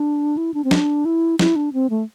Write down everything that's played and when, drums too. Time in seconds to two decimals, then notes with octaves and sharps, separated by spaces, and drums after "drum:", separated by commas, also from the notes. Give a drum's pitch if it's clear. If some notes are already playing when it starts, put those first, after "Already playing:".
Already playing: D4
0.37 E4
0.54 D4
0.64 C4
0.71 D4, drum: snare
1.05 E4
1.39 E4, drum: snare
1.56 D4
1.73 C4
1.90 A3